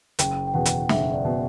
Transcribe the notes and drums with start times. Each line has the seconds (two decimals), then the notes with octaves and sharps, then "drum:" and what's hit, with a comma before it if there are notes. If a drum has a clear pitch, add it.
0.19 F#1 G5, drum: hi-hat
0.47 G5
0.54 E2 B2 F#5
0.65 drum: hi-hat
0.89 F#1 E5, drum: snare
1.13 D5
1.25 B2